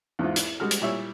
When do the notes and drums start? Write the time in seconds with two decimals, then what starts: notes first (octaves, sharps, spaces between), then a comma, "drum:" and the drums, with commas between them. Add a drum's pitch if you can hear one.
0.19 E2 G#2 F4
0.36 E4, drum: hi-hat
0.60 G3 G#3 F#4 F6
0.71 drum: hi-hat
0.81 A#2 G3 E4 C#5 E5